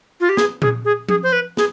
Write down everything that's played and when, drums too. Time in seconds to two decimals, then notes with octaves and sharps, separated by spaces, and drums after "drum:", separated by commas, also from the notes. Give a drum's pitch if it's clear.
0.21 F4
0.29 G4
0.37 G#4, drum: snare
0.62 G#4, drum: tom A#2
0.85 G#4
1.09 G#4, drum: tom F3
1.23 C5
1.32 B4
1.57 G#4, drum: snare